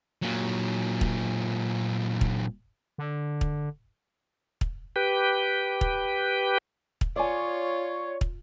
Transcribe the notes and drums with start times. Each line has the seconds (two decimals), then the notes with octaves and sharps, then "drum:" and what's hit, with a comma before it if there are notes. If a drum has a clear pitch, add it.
0.22 A#2 F#3
1.01 drum: kick
2.21 drum: kick
2.98 D3
3.41 drum: kick
4.61 drum: kick
4.96 G4 B4 G5
5.81 drum: kick
7.01 drum: kick
7.16 F4 C#5 D5 G#5
8.21 drum: kick